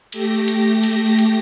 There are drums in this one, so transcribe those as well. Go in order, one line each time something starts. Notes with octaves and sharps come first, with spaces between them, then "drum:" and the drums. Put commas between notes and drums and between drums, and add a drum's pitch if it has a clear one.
A3 G4 A#6, drum: cymbal
drum: cymbal
drum: cymbal
drum: cymbal